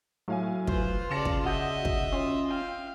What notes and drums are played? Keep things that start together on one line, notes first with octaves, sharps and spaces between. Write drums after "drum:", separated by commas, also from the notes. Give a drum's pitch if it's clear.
A2 F#3 F5 G#5
F4 B4 C5, drum: kick
C#3 D5 A5 A#6 C#7 E7
drum: kick
F#4 D#5 E5 F#5 G6
drum: kick
C#4 F4
F5 G5